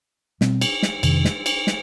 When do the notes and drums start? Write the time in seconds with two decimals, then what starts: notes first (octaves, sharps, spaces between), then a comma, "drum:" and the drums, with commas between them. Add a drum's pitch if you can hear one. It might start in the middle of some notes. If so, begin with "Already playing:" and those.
0.41 B2 G3 C4, drum: snare
0.61 drum: cymbal
0.83 drum: snare
1.03 F2 C3 D#3, drum: cymbal
1.25 drum: snare
1.46 drum: cymbal
1.67 drum: snare